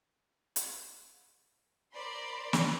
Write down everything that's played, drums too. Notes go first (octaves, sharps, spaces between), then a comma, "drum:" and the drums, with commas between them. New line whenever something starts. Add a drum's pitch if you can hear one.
drum: hi-hat
A#4 C5 D5 B5 C6
drum: snare